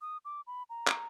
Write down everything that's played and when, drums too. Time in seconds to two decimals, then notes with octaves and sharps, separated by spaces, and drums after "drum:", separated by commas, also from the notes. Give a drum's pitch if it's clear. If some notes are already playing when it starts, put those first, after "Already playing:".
0.01 D#6
0.25 D6
0.47 B5
0.70 A#5
0.87 drum: clap